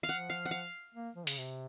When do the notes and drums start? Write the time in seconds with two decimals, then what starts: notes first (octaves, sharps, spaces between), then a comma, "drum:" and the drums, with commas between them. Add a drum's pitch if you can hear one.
0.03 F5
0.09 F3 F#5
0.30 F5
0.45 F#5
0.51 F5
0.95 A#3
1.16 F3
1.27 C#3, drum: open hi-hat
1.38 C3